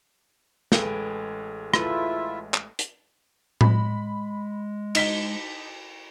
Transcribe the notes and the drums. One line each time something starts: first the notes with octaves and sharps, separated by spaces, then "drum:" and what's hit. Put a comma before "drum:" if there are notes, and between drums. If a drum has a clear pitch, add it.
A1 G#3 A4 B4 G5 G#5, drum: snare
A3 E4 F4 B4 E5, drum: rim click
drum: clap
drum: hi-hat
G#3 B5, drum: tom A2
D#4 B6 G7, drum: cymbal